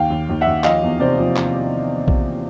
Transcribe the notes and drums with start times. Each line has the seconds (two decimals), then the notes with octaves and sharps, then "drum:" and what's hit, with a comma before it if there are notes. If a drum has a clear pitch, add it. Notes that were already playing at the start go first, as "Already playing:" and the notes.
Already playing: D#2 F5 G5
0.10 D#2
0.29 D#2
0.41 E5 F#5
0.47 D#2
0.64 F3 D#5 F5, drum: clap
0.83 E2
1.00 C3 C5 D5
1.18 F3
1.36 drum: clap
2.08 drum: kick A#1